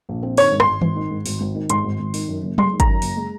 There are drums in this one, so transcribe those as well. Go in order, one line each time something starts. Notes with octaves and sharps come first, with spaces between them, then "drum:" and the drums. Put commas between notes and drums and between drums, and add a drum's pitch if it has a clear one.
A#1
C4
D#3 C#5, drum: open hi-hat
G#2
C6, drum: rim click
G#1
G#1, drum: tom D#3
D#3
G#2
G#1, drum: open hi-hat
G#1
D#3
G#2 C6, drum: hi-hat
G#1
G#1
D#3, drum: open hi-hat
F#2
F#1
G#3 C6, drum: tom F#3
D#3
A#5, drum: kick, hi-hat
F#2
F#1, drum: open hi-hat
G#3